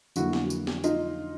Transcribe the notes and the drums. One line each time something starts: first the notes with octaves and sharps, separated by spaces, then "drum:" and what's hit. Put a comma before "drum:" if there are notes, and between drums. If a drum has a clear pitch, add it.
F2 D3 F#3 A#3 E4 F#4, drum: tambourine
drum: snare
drum: tambourine
drum: snare
D#4 F4, drum: tambourine